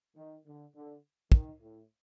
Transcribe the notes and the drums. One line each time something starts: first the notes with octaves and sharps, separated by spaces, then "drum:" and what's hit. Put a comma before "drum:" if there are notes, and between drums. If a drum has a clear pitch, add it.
D#3
D3
D3
D#3, drum: kick
A2